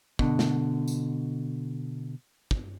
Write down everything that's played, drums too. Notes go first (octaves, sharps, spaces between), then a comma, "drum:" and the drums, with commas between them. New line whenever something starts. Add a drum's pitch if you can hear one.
B2 D3, drum: kick
drum: snare
drum: tambourine
drum: kick